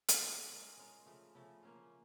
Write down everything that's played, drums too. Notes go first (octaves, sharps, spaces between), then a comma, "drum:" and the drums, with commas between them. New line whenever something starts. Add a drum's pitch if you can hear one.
drum: hi-hat
A#3 C#4 F#4
G#3 C#4 F4 A#4
G#3 C#4 F4 A#4
C#3 F3 A3
C#3 F3 A3
A#3 C#4 F4